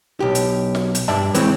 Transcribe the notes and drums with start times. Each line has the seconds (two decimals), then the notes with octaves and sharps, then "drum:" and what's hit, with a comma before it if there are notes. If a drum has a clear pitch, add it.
0.20 B1 G4
0.35 drum: hi-hat
0.75 drum: snare
0.95 drum: hi-hat
1.08 G2 D5 E5 A5
1.34 E3 G#3 C4 C#5, drum: hi-hat